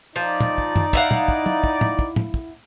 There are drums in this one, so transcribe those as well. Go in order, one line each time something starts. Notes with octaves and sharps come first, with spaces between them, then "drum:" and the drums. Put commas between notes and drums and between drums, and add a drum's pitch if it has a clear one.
F3 D#4 D5
drum: tom
drum: kick
drum: tom
E4 F5 F#5, drum: kick
drum: tom
drum: kick
drum: tom
drum: kick
drum: tom
drum: kick
drum: tom
drum: kick